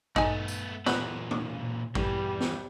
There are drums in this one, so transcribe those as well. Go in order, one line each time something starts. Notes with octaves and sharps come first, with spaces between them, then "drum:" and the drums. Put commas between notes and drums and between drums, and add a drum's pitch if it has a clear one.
A3 B3 D#4 G#5, drum: kick A1
drum: tambourine
A#2 E3 A3 B3 B5, drum: snare
drum: tom
E2 E3 G3, drum: kick A1
drum: snare